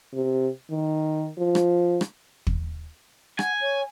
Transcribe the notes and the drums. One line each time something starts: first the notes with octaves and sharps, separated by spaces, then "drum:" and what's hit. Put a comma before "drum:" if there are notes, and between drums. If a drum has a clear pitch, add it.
C3
D#3
F3
drum: rim click
drum: rim click
drum: kick
F#5 G#5, drum: rim click
C#5